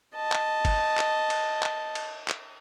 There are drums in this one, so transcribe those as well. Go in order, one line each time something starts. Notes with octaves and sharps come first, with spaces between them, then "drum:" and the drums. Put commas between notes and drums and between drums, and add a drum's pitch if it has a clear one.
D#5 A5
drum: clap
drum: kick G#1, cymbal
drum: clap
drum: cymbal
drum: clap
drum: cymbal
drum: clap